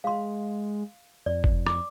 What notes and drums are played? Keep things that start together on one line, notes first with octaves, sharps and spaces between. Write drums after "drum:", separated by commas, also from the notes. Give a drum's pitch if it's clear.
G#3 F5 C6
F2 D5
drum: kick
D6, drum: rim click